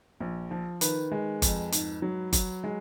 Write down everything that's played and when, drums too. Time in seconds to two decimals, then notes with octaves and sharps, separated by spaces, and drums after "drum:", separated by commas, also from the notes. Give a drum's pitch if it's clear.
0.20 A#1
0.51 F3
0.81 D#3 B4, drum: hi-hat
1.12 G#3
1.42 F2, drum: kick G1, hi-hat
1.72 G#2, drum: hi-hat
2.02 F#3
2.33 F#3, drum: kick G1, hi-hat
2.64 G#3